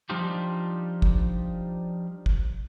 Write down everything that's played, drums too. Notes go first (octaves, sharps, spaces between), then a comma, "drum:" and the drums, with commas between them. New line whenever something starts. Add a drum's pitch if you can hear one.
F3 G3 D4 D#4 F4 G4
drum: kick
drum: kick